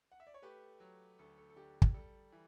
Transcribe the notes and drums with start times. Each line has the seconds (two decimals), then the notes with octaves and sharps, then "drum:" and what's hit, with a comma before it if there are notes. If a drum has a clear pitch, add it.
0.12 F#5
0.20 E5
0.27 D5
0.34 C#5
0.42 A3 G4 B4
0.80 F#3
1.19 D2 A4
1.38 A4
1.50 A4
1.56 D3 G4
1.82 drum: kick
1.94 G3 A4
2.32 E3